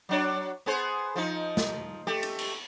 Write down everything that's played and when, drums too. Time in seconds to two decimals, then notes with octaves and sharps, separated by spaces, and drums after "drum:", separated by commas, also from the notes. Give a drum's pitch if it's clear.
0.09 F#3 D4 C#5
0.66 B3 G#4 C5
1.16 F3 D#4
1.57 drum: snare
2.07 A3 G4
2.23 drum: cymbal
2.38 drum: cymbal